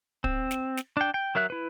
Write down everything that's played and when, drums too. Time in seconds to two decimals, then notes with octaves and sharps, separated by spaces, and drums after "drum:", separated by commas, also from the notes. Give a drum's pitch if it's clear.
0.24 C4, drum: kick
0.51 drum: snare
0.77 drum: snare
0.97 D4 G5
1.14 G5
1.35 F#3 A#4 E5 F#6
1.50 E4 B4